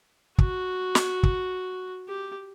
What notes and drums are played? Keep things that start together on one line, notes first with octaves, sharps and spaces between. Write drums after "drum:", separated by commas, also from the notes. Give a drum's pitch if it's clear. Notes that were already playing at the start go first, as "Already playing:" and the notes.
F#4, drum: kick
drum: snare
drum: kick
G4